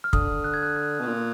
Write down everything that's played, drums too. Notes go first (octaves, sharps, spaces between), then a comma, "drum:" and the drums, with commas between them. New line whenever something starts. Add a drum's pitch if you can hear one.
F6
D3 D#6, drum: kick
F#6
G#6
F#6
F#6
B2
A#2